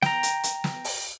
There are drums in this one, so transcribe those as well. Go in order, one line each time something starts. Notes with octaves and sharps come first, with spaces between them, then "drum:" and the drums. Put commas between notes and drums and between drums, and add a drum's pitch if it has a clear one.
G5 A#5, drum: snare
drum: hi-hat
drum: hi-hat
drum: snare
drum: open hi-hat